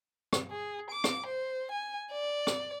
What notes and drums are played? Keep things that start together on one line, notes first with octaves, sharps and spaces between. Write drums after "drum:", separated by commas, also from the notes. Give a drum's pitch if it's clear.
drum: rim click
G#4
D6
drum: rim click
C5
G#5
D5
drum: rim click